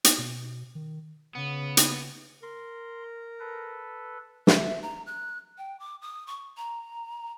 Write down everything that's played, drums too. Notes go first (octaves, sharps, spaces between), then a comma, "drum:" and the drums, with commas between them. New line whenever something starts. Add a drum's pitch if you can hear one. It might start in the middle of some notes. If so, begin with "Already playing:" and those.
drum: hi-hat
B2
D#3
C#3 B3
drum: hi-hat
A#4 C6
A4 B4
E5, drum: snare
A#5
F#6
G5
D6
D#6
C#6
A#5